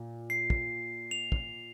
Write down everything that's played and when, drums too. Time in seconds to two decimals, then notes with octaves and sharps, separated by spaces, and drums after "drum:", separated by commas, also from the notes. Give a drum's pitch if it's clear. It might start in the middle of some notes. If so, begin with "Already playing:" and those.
Already playing: A#2
0.30 C7
0.50 drum: kick
1.11 F7
1.32 drum: kick